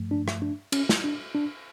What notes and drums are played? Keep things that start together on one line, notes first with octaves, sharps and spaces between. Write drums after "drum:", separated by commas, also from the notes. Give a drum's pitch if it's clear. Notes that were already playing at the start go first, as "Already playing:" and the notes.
Already playing: G2 F3 A3
D4
drum: rim click
D4
C#4, drum: cymbal
drum: snare
D4
D4